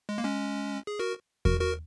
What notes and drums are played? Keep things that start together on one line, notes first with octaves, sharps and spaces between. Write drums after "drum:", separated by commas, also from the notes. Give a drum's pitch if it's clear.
G#3
A#3
G#3 C#4
G#4
F#4 A#4
F#4 A#4, drum: kick E2
F#4 A#4